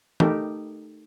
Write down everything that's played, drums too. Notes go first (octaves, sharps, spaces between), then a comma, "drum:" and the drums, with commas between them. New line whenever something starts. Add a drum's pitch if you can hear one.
A3 D#4 G4 A4 A#4, drum: tom